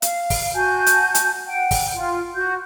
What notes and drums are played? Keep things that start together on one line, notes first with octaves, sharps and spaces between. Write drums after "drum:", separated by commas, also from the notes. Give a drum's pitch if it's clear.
F5, drum: hi-hat
drum: kick, open hi-hat
F#4 G#5 A5 G6
drum: hi-hat
drum: hi-hat
F#5 G5
drum: kick, open hi-hat
F4
F#4 G6